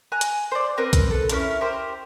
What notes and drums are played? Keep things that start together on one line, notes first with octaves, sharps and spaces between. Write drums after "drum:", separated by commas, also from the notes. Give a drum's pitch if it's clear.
G#5 A#5 F#6
drum: hi-hat
C5 D5
C4 A#4 B4
drum: kick B1, hi-hat
A4 B4
C#4 D4 E4 A#4, drum: hi-hat
G4 A#4 C5